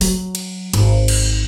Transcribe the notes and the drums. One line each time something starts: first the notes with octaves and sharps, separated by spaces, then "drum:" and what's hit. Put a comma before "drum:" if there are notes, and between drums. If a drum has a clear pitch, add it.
F#3, drum: open hi-hat
drum: cymbal
G#1, drum: cymbal
drum: cymbal